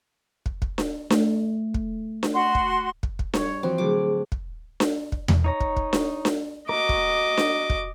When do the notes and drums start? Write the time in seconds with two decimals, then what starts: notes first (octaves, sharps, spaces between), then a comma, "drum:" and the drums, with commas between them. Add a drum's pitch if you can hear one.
0.46 drum: kick
0.62 drum: kick
0.78 drum: snare D4
1.10 A3, drum: snare D4
1.74 drum: kick
2.23 drum: snare D4
2.34 F#4 C6
2.55 drum: kick
3.03 drum: kick
3.19 drum: kick
3.34 G2 C#5, drum: snare D4
3.63 E3 F3 C4 F#4
3.78 A2 D3 F#3 A3 G#4 D6
4.32 drum: kick
4.80 drum: snare D4
5.12 drum: kick
5.28 drum: tom E2
5.44 D#4 C#5 A#5
5.60 drum: kick
5.77 drum: kick
5.93 drum: snare D4
6.25 drum: snare D4
6.69 F#4 A#4 D#5 D6
6.89 drum: kick
7.37 drum: snare D4
7.70 drum: kick